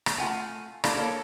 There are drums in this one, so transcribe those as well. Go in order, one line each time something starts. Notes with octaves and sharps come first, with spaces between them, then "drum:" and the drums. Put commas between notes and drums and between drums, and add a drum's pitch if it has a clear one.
drum: rim click
A3 F4 F#5 G#5
A#3 D4 E4 F4 G4 A4, drum: rim click
A#3 A4 C#5